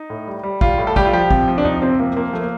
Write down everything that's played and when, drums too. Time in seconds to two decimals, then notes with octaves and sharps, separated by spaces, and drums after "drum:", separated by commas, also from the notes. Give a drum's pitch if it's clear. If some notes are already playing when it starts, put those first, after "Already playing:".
Already playing: D#4
0.10 A2
0.27 G3
0.43 G3
0.61 G3 F4, drum: kick
0.78 A2
0.87 A4
0.96 G3 G4, drum: kick
1.06 F4
1.13 F3 G4
1.31 C3, drum: kick
1.48 F3
1.58 D4
1.65 C3 D#4, drum: tom F2
1.82 C3 C4
1.99 F3 A#3
2.16 F3 A#3
2.33 F3 A3
2.42 A#3